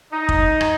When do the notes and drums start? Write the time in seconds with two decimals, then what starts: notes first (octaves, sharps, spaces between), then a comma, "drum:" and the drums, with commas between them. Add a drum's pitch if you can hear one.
0.13 D#4
0.29 drum: kick
0.61 drum: rim click